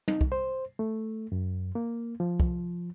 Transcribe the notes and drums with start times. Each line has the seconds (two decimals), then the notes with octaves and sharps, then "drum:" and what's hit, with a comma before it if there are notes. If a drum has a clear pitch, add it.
0.08 D#4, drum: tom
0.21 drum: kick C2
0.32 C5
0.79 A3
1.32 F#2
1.75 A#3
2.20 F3
2.40 drum: kick C2